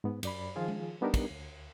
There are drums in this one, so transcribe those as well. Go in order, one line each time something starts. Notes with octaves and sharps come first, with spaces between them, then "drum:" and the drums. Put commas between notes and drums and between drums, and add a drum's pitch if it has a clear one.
G#2 B3
F#2 D5 B5, drum: cymbal
D#3 F3 F4 G#4
drum: tom
G3 B3 D4 D#4 G4 A#4
drum: kick, cymbal
D2